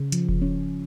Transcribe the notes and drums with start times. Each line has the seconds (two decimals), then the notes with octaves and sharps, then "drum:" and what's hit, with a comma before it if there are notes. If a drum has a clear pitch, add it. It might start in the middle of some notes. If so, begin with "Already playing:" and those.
Already playing: C#3
0.12 F3, drum: hi-hat
0.29 drum: kick E1
0.42 C#4